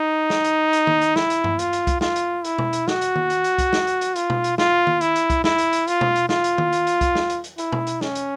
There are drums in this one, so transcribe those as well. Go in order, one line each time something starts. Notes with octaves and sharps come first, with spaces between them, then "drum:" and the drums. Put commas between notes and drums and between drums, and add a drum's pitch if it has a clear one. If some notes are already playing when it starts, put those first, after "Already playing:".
Already playing: D#4
drum: snare
drum: hi-hat
drum: hi-hat
drum: tom D#3
drum: hi-hat
E4, drum: snare
drum: hi-hat
drum: tom G2
F4, drum: hi-hat
drum: hi-hat
drum: kick C2, hi-hat
F4, drum: snare
drum: hi-hat
E4, drum: hi-hat
drum: tom B2
drum: hi-hat
F#4, drum: snare
drum: hi-hat
drum: tom D#3
drum: hi-hat
drum: hi-hat
drum: kick C2, hi-hat
drum: snare
drum: hi-hat
drum: hi-hat
F4, drum: hi-hat
drum: tom B2
drum: hi-hat
F4, drum: snare
drum: tom D#3
E4, drum: hi-hat
drum: hi-hat
drum: kick C2, hi-hat
E4, drum: snare
drum: hi-hat
drum: hi-hat
F4, drum: hi-hat
drum: tom B2
drum: hi-hat
F4, drum: snare
drum: hi-hat
drum: tom D#3
drum: hi-hat
drum: hi-hat
drum: kick C2, hi-hat
drum: snare
drum: hi-hat
drum: hi-hat
E4, drum: hi-hat
drum: tom B2
drum: hi-hat
C#4, drum: snare
drum: hi-hat